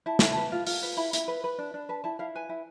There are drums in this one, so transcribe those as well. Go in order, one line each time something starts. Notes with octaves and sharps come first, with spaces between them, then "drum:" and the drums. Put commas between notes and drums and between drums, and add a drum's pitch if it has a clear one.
E4 A5
E4 G#5, drum: snare
B4 A5
F4
F4, drum: open hi-hat
B4
E4 B5
E4, drum: hi-hat
B4
B4
D4
D4
B4 A5
E4 A5
E4 F5
B4 G#5
E4